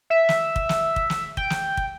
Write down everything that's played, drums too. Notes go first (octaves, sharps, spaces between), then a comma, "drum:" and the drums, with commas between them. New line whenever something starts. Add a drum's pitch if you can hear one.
E5
drum: snare
drum: kick
drum: snare
drum: kick
drum: snare
G5, drum: kick
drum: snare
drum: kick